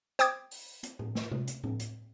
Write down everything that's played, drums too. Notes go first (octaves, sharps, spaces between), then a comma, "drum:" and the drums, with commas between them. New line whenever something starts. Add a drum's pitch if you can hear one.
C5 G5 D6 D#6 G#6, drum: hi-hat
drum: open hi-hat
drum: hi-hat
drum: tom A2
drum: snare
drum: tom C3
drum: hi-hat
drum: tom A2
drum: hi-hat